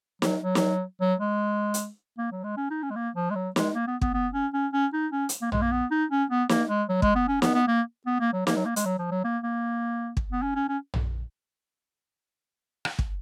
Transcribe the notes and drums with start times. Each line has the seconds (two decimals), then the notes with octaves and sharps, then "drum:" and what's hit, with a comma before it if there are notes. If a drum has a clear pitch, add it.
0.22 F#3, drum: snare
0.41 F#3
0.55 drum: snare
1.01 F#3
1.20 G#3
1.74 drum: hi-hat
2.18 A#3
2.32 F#3
2.44 G#3
2.57 C#4
2.70 D#4
2.83 C#4
2.91 G#3
2.96 A#3
3.16 F3
3.31 G#3
3.35 F#3
3.56 G#3, drum: snare
3.75 A#3
3.88 B3
4.01 B3, drum: kick
4.14 B3
4.33 C#4
4.54 C#4
4.73 C#4
4.93 D#4
5.12 C#4
5.29 drum: hi-hat
5.42 A#3
5.52 G#3, drum: tom A#1
5.62 A#3
5.72 B3
5.91 D#4
6.11 C#4
6.30 B3
6.49 A#3, drum: snare
6.70 G#3
6.89 F#3
7.02 G#3, drum: kick
7.16 B3
7.28 C#4
7.42 B3, drum: snare
7.55 B3
7.68 A#3
8.07 B3
8.20 A#3
8.33 F#3
8.47 A#3, drum: snare
8.56 F#3
8.65 A#3
8.76 G#3, drum: hi-hat
8.86 F#3
8.99 F3
9.11 F#3
9.25 A#3
9.44 A#3
10.17 drum: kick
10.32 B3
10.43 C#4
10.56 C#4
10.69 C#4
10.94 drum: tom A#1
12.85 drum: rim click
12.99 drum: kick